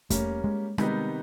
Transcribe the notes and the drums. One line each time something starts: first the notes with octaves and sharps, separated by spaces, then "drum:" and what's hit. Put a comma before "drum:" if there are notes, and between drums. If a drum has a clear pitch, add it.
G3 A3 A#3 C#4, drum: kick E2, hi-hat
G#3
C3 D#3 G3 G#3 B3 D#4, drum: rim click